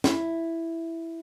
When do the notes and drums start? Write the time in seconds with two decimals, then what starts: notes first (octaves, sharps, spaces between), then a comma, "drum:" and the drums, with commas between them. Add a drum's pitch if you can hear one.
0.04 E4, drum: snare